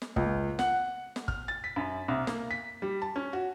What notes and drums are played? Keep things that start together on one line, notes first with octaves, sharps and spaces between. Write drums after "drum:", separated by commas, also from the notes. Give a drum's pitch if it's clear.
drum: snare
C#2, drum: kick
F#5, drum: snare
drum: snare
F6, drum: kick
A6
B6
F#2
C2
A#3, drum: snare
B6
G3
A5
C#4
F#4